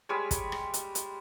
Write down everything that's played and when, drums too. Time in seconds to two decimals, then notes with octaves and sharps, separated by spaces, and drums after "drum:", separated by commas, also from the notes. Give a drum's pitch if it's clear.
0.09 G3 G#3 C#5
0.31 drum: kick, hi-hat
0.52 drum: rim click
0.74 drum: hi-hat
0.95 drum: hi-hat